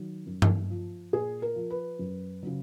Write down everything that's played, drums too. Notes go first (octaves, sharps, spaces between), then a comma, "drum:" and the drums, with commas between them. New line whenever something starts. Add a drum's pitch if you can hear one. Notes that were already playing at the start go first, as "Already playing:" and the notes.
Already playing: D#3 F#3
F#2
drum: tom G2
F3
A#2 G#4
A#4
F3
B4
F#2
C#3 F#3